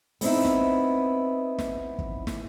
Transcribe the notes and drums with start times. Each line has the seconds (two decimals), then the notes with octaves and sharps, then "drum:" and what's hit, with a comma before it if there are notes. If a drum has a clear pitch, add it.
0.21 B3 C4 D#4 E4, drum: open hi-hat
0.44 drum: snare
1.59 drum: snare
1.99 drum: kick
2.27 drum: snare